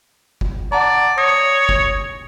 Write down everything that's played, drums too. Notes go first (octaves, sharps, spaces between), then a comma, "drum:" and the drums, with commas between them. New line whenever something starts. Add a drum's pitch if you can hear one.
drum: kick F#1
D5 F#5 A5 A#5
C#5 D#6 A#6
drum: kick F#1